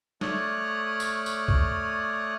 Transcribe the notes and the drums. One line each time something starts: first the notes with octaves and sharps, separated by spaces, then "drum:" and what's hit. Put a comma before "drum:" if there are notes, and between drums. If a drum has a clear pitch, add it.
A3 C#5 D5 D#6 F6 F#6, drum: snare
drum: tambourine
drum: tambourine
drum: kick